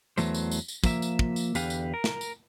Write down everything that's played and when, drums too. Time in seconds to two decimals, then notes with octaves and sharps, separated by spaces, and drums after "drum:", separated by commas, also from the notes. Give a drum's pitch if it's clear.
0.18 E2 E3 F#3 A3 C5, drum: tambourine
0.34 drum: tambourine
0.51 drum: tambourine
0.68 drum: tambourine
0.84 F3 A#3 E5, drum: kick, tambourine
1.02 drum: tambourine
1.19 drum: kick
1.36 drum: tambourine
1.55 E2 D3 G4 B4 F5, drum: tambourine
1.70 drum: tambourine
1.94 A#4
2.04 drum: snare
2.21 drum: tambourine